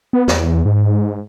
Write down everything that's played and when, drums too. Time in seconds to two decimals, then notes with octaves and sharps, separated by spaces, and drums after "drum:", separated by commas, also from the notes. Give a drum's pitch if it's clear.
0.13 B3
0.28 E2, drum: snare
0.65 G#2